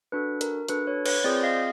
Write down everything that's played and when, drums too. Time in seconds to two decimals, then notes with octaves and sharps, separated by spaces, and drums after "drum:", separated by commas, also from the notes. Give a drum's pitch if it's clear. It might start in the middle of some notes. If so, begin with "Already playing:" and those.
0.12 D4 F#4 A4 B4
0.41 A#4, drum: hi-hat
0.68 D4 F#4 A4 B4, drum: hi-hat
0.87 B4 C#5
1.06 B4 C#5, drum: cymbal
1.24 C4 F4 G#4 C5 D5
1.43 D#5 F5